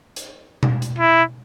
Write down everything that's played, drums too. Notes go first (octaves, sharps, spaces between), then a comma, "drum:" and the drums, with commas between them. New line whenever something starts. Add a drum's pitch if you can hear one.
drum: hi-hat
drum: tom B2
drum: hi-hat
E4